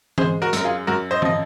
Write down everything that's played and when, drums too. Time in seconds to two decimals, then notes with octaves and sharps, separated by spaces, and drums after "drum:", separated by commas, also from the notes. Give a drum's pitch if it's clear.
0.18 G#3 G#4 C5, drum: tom E3
0.42 F#4 A#4
0.53 F#2 A#4, drum: hi-hat
0.64 F4 G#4
0.87 F#2 F#4 A#4
1.11 C5 D#5
1.22 F3 D#5, drum: tom E3